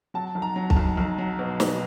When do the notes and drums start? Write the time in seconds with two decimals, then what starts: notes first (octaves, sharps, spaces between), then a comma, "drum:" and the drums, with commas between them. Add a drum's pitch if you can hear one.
0.14 F#3 A5
0.35 B1
0.42 A#5
0.56 F#3
0.70 A5, drum: kick
0.76 B1
0.97 B1
1.18 F#3
1.39 B2
1.60 B2, drum: snare